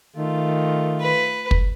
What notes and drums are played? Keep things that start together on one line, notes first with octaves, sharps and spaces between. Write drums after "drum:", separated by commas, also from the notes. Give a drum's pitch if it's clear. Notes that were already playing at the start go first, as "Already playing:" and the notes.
D#3 A3 F4
B4
drum: kick